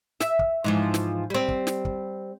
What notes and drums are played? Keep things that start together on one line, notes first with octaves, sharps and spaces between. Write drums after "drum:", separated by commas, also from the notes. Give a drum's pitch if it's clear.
E5, drum: snare
drum: kick
G#2 E3 F3
drum: snare
G3 C4
drum: kick
drum: snare
drum: kick